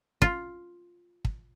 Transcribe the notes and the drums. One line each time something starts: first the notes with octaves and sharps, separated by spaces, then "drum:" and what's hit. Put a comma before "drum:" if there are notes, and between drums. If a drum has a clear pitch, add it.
F4, drum: kick
drum: kick